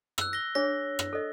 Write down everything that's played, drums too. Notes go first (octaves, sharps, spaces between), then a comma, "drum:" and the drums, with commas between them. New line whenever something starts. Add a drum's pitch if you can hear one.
E6 F#6, drum: rim click
A#6 G7
D4 G#4 C#5 A#6
drum: rim click
A4 D#5